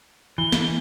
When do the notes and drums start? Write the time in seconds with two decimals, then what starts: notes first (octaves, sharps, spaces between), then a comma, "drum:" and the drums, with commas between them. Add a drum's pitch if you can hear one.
0.38 E3 G7
0.52 drum: snare